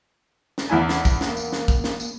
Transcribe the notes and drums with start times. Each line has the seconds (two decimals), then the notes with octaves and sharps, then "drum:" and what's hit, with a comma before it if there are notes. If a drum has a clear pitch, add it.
0.58 drum: snare
0.69 E2 E4 G#5
0.89 drum: snare
1.05 drum: kick, tambourine
1.21 A#3, drum: snare
1.37 drum: tambourine
1.52 drum: snare
1.68 drum: kick, tambourine
1.84 drum: snare
2.00 drum: tambourine